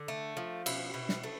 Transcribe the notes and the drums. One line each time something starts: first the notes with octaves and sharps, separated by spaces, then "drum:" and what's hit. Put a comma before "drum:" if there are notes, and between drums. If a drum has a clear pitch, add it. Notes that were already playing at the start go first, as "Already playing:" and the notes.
Already playing: D3
A3
F3
B2 E4, drum: cymbal
B2
drum: snare
A3